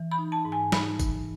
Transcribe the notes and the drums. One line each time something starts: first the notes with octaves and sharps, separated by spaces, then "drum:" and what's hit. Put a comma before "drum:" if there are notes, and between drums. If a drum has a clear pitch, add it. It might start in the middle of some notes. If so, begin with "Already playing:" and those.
Already playing: E3
B5
D#4
A5
G#2
G#5
D#4 B5, drum: snare
E3, drum: kick G#1, tambourine